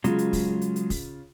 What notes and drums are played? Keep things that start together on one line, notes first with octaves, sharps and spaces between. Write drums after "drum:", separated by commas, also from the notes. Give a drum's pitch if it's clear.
C#3 F#3 G#3 F4, drum: hi-hat
drum: hi-hat
drum: kick, open hi-hat
drum: hi-hat
drum: hi-hat
drum: kick, open hi-hat